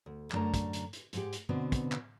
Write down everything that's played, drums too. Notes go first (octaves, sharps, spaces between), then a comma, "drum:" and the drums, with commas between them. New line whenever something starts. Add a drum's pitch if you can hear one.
D2
F#2 D3 A3 D4 A#4 A#5, drum: clap
drum: kick, hi-hat
drum: hi-hat
drum: hi-hat
G#2 G#3 G4, drum: hi-hat
drum: hi-hat
B2 D3 B3 C4 F#4
drum: kick, hi-hat
drum: clap